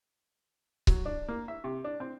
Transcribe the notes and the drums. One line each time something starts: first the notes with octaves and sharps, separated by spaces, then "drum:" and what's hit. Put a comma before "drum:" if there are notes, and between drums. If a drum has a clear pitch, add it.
F#3, drum: kick C#1
D4
A#3
E5
C3
D4
C4